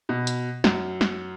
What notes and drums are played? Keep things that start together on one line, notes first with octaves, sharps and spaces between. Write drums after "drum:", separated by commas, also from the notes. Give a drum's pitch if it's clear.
B2
drum: hi-hat
F#2, drum: snare
drum: snare